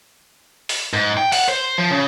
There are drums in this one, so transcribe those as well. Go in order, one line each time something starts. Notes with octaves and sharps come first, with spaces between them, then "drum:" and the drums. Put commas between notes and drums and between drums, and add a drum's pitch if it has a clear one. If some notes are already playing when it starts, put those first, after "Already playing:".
drum: open hi-hat
G#2
G5
F#5, drum: open hi-hat
C5
F3
C#3